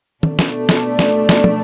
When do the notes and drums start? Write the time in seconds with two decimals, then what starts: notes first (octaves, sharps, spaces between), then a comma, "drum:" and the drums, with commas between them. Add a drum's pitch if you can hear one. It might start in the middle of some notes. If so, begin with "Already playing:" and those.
0.23 B2 A3 D4, drum: tom
0.39 drum: snare
0.69 drum: snare
0.99 drum: snare
1.29 drum: snare
1.44 drum: tom